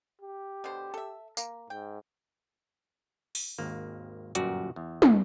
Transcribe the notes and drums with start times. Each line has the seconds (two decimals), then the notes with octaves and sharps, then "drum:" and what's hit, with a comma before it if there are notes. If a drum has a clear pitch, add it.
0.21 G4
0.64 B2 D3 C5
0.94 A4 E5
1.37 A#3, drum: tambourine
1.70 G#2 G5
3.35 drum: open hi-hat
3.58 G#1 D#2 A#3
4.35 G1 F#2 A#2 F#4 G4 D5, drum: hi-hat
4.76 E2
5.02 drum: tom